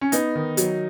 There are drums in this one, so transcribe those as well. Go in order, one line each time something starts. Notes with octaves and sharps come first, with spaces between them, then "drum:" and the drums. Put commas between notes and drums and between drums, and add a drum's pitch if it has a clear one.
C#4
B3 D#4, drum: hi-hat
D#3
F#3, drum: hi-hat